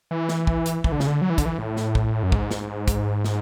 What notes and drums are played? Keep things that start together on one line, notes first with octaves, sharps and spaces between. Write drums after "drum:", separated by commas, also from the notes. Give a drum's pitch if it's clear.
E3
drum: snare
drum: kick
drum: hi-hat
E3, drum: kick
D3
C#3, drum: snare
D3
F#3
E3
D3, drum: kick, hi-hat
E3
A2
drum: snare
drum: kick
F#2
G#2, drum: kick
drum: snare
drum: kick, hi-hat
drum: snare